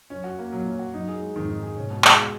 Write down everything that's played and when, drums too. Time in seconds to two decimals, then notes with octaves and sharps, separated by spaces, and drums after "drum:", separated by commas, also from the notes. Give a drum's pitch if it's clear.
0.10 F#2 C#4
0.24 F#4
0.39 A#3
0.52 F#2 A#2 F#3
0.67 C#4
0.79 F#4
0.93 F#2 D#4
1.08 G#4
1.22 G#3
1.35 F2 G#2 D#3
1.49 D#4
1.63 G#4
1.76 G#2 B2 C#4
1.90 B2
2.04 G#3, drum: clap
2.19 B2